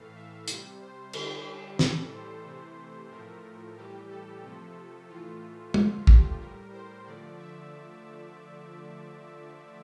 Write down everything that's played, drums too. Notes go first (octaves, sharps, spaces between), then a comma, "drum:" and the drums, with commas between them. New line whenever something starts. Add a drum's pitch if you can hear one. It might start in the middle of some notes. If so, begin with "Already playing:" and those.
Already playing: A2 E3 A3 F5
E5
C3 G3, drum: hi-hat
C5
D3 G3 G4, drum: cymbal
A2 E3 G3 A4, drum: snare
C5
C3 E3 A3
A2 F3 A3 A#4
A2 E3 G3 G4
A4
C3 F3 A3
A2 E3 A3 F4
D3 F3 A3 F4, drum: tom
G4, drum: kick
A2 G3 A#4
C5
D3 F3 A3 D5
E5